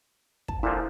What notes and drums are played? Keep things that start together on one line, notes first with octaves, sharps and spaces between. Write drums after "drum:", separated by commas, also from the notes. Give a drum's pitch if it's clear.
A5, drum: kick
A#2 D3 F3 E4